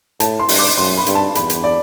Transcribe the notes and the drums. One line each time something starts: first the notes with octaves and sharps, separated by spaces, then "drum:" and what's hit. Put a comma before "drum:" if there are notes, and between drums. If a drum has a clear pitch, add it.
A2 A5, drum: hi-hat
C6
G2, drum: open hi-hat
D6
F#2 C6
B5
G2, drum: hi-hat
A5
E2 B5, drum: hi-hat
drum: hi-hat
D5